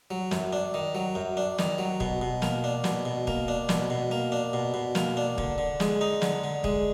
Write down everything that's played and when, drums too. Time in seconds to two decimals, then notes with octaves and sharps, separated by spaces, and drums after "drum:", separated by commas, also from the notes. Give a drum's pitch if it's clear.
0.11 F#3
0.31 F#2, drum: snare
0.53 D4
0.74 D#3
0.95 F#3
1.15 F#2
1.37 D4
1.58 D#3, drum: snare
1.78 F#3
2.00 B2, drum: kick D#1
2.21 B2
2.42 A#3, drum: snare
2.64 D4
2.84 B2, drum: snare
3.05 B2
3.27 A#3, drum: kick D#1
3.48 D4
3.69 B2, drum: snare
3.90 B2
4.11 A#3
4.32 D4
4.53 B2
4.74 B2
4.95 A#3, drum: snare
5.17 D4
5.38 D3, drum: kick D#1
5.58 D3
5.80 G#3, drum: snare
6.01 D#4
6.22 D3, drum: snare
6.44 D3
6.64 G#3, drum: kick D#1